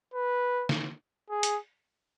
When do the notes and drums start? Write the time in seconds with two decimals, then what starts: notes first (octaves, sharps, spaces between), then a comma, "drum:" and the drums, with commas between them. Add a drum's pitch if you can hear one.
0.14 B4
0.69 drum: snare
1.30 G#4
1.43 drum: hi-hat